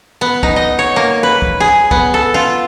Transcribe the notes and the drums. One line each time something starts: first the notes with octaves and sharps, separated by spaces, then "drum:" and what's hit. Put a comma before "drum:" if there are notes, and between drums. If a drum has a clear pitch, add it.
B3
D#4, drum: kick
D#5
C#5
A#3
B4
drum: kick
G#4
B3, drum: kick
A4
F4